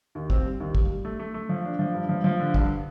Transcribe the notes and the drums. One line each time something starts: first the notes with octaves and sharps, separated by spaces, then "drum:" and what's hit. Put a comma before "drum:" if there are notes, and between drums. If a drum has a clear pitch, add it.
D#2
C4, drum: kick A1
G3
D#2
G3, drum: kick A1
G3
A3
A3
A3
F3
D4
F3
G2
F3
F3
D3
G2, drum: kick A1